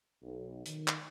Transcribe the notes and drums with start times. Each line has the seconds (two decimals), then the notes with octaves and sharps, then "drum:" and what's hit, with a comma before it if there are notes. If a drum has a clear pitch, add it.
0.23 B1
0.66 D#3, drum: hi-hat
0.88 drum: clap